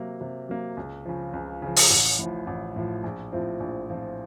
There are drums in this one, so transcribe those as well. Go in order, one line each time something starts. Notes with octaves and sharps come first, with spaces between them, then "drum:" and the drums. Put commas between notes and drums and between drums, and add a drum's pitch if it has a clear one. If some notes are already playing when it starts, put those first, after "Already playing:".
Already playing: C3 F#3 A#3
C3
F#3 A#3
C#2
C#3 F3
C#2
C#3 F3
drum: open hi-hat
A1
A2 F3
A1
A2 F3
A#1
A2 F3 C4 F4
A#1
A2 F3 C4 F4